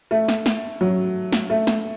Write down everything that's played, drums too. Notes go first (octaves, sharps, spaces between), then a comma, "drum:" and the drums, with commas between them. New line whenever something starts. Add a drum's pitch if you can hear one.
A3
drum: snare
drum: snare
F#3
drum: snare
A3
drum: snare